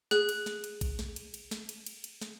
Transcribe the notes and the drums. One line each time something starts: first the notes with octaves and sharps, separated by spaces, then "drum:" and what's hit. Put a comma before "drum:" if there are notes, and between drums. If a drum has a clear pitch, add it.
G#4 F#6, drum: snare
drum: cymbal
drum: snare
drum: cymbal
drum: kick, cymbal
drum: snare
drum: cymbal
drum: cymbal
drum: snare
drum: cymbal
drum: cymbal
drum: cymbal
drum: snare